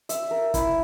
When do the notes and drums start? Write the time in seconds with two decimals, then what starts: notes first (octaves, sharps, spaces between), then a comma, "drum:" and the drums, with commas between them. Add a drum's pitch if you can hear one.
0.09 E5, drum: hi-hat
0.31 A#4
0.54 E4, drum: kick, hi-hat